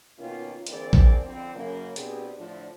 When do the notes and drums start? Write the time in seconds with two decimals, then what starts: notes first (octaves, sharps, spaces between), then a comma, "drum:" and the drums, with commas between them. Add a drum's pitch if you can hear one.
0.19 B2 D#3 A#3 C#4 F4
0.67 D3 E3 A#3 C4 G#4 D5, drum: hi-hat
0.93 drum: kick A1
1.25 F2 D3 C4
1.55 F#2 C#3 A#3
1.96 B2 C4 D4 G4 G#4, drum: hi-hat
2.37 A2 D3 F3 D4